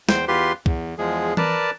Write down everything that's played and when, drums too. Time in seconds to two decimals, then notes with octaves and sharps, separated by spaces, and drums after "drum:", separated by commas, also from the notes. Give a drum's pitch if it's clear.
0.09 E2 C5 G5, drum: snare
0.28 E2 F4 G4 B4 C6
0.66 E2, drum: kick
0.98 E2 F3 G#3 G#4
1.37 A#4 B4 D5 A5, drum: tom E3